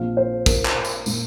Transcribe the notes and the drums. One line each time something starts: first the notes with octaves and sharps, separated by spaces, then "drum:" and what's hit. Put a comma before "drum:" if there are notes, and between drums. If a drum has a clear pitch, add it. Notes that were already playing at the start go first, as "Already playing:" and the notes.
Already playing: A#1 A#2 F3 C4 F5
C5
A#4, drum: kick, tambourine
drum: clap
drum: tambourine
A#2 A#3, drum: tambourine